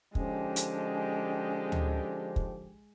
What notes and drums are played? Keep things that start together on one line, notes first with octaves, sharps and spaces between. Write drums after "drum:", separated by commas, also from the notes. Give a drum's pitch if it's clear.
D3 F3 G#3 C#4 D#4 G4, drum: kick
drum: hi-hat
drum: tom D2
drum: kick